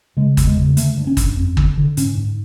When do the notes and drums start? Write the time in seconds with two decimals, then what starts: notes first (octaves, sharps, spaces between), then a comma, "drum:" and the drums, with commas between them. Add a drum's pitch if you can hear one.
0.17 C#3 G#3
0.37 E2, drum: kick, hi-hat
0.47 G#3
0.57 C#3
0.77 D3 A3, drum: hi-hat
0.97 G2
1.07 C#4
1.17 G2, drum: kick, hi-hat
1.37 F2
1.57 D3, drum: kick
1.78 D3
1.97 G#2 C#4, drum: hi-hat
2.17 G#2